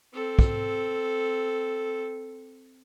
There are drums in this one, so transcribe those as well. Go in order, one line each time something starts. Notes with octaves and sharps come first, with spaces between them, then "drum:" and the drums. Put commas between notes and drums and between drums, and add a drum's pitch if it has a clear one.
C4 A4
drum: kick